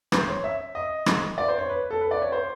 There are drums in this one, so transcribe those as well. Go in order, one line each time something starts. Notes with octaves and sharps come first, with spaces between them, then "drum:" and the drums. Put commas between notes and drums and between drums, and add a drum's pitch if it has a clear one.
C5, drum: rim click
C#5
E5
D#5
drum: rim click
D5
C5
C#5
B4
A4
B4
D5
C#5
C5